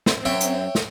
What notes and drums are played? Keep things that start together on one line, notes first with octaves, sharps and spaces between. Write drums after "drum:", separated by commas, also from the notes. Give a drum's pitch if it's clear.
C4, drum: snare
F#2 C#5 E5 G5
drum: hi-hat
drum: snare